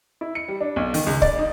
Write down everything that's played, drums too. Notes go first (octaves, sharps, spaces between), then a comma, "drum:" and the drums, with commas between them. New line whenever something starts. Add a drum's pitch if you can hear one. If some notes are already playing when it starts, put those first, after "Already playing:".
E4
C#7
G3
D4
B1
D#3, drum: open hi-hat
C#2
D5, drum: kick C#1
D#4